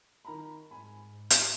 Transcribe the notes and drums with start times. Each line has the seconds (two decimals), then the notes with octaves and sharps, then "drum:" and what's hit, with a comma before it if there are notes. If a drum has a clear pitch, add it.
0.25 D#3 A#5 B5
0.71 G#2 G#5 B5
1.30 drum: hi-hat